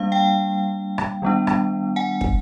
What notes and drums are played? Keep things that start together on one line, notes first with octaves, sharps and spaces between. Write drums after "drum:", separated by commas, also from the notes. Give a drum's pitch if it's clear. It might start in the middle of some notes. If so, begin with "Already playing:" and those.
Already playing: G3 A#3 D4 F5
F5 G5
drum: rim click
D#3 G3 B3 D4
drum: rim click
F#5 G#5
drum: kick